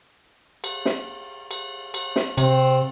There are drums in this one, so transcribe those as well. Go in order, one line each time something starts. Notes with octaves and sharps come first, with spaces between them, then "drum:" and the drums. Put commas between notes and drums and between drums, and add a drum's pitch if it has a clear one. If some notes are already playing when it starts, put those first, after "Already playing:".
drum: cymbal
drum: snare
drum: cymbal
drum: cymbal
drum: snare
C3 C4, drum: cymbal